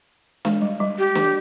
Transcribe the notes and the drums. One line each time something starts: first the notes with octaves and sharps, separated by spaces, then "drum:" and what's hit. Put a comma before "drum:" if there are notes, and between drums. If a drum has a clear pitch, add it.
G#3, drum: snare
G3
G3
G4
drum: snare